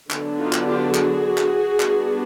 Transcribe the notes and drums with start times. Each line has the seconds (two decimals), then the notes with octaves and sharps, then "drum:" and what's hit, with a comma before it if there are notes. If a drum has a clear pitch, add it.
0.10 D3 F#3 B3 D4, drum: clap
0.38 D#4 F4
0.53 drum: clap
0.67 F4 G4
0.95 F#4 G#4, drum: clap
1.38 drum: clap
1.80 G3 B3 D4, drum: clap